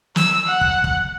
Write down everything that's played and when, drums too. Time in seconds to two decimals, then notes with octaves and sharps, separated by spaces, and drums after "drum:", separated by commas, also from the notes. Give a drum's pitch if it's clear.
0.16 E6, drum: snare
0.47 F#5
0.61 drum: kick
0.84 drum: kick